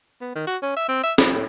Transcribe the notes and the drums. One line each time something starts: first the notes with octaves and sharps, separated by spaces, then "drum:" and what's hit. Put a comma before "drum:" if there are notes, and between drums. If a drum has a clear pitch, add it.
B3
D#3
F#4
C#4
E5
C4
E5
F3, drum: snare
A2